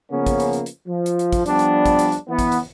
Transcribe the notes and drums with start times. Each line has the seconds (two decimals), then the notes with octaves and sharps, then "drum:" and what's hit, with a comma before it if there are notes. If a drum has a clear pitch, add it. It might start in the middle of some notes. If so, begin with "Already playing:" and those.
0.11 C#3 F3 A#3 B3 C#4
0.26 drum: kick, hi-hat
0.40 drum: hi-hat
0.53 drum: hi-hat
0.66 drum: hi-hat
0.87 F3
1.06 drum: hi-hat
1.19 drum: hi-hat
1.33 drum: kick, hi-hat
1.46 F3 G3 B3 D4, drum: hi-hat
1.59 drum: hi-hat
1.86 drum: kick, hi-hat
1.99 drum: hi-hat
2.12 drum: hi-hat
2.28 E3 B3
2.39 drum: kick, hi-hat
2.52 drum: hi-hat